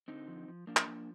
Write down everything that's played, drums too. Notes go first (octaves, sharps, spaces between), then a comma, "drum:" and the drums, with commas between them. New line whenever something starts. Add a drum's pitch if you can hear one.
D3 C4 D#4
F3
F3
F3 A#3 D4
drum: clap
F3